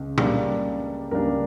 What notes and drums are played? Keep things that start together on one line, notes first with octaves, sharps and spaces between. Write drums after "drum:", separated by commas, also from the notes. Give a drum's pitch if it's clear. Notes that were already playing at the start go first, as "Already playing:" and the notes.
Already playing: C#2 C#3
C#2 C#3 G3 A#3 D4, drum: tom
C#2 C#3 G3 A#3 D4 A#4